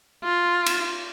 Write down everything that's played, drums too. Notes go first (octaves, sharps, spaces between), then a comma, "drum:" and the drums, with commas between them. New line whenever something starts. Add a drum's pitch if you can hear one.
F4
drum: cymbal